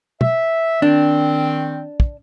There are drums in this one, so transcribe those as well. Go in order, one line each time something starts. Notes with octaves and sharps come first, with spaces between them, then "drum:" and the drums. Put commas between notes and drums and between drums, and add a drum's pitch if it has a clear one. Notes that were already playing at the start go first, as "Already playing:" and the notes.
E5, drum: tom
D#3 C4 D4
drum: kick